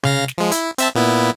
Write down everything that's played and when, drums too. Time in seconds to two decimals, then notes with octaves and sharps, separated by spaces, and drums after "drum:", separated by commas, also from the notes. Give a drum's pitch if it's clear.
0.03 C#3 F5 A#6, drum: tom C3
0.28 drum: snare
0.38 F3 G#3
0.52 E4, drum: hi-hat
0.78 C4 E5 A5, drum: hi-hat
0.95 A#2 B3 E4